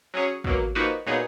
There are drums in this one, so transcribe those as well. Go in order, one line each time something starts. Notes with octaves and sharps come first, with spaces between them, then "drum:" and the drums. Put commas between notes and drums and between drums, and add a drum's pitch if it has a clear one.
F#3 C#4 G#4 C#5
B2 F#3 A#3, drum: kick
F3 A#3 D#4 F#4 B4
A#2 F#3 B3 D#4 G#4